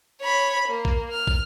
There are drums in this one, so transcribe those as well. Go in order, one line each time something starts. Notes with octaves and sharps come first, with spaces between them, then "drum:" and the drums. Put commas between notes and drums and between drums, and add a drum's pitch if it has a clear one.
C#5 B5
A#3
drum: kick
F6
drum: kick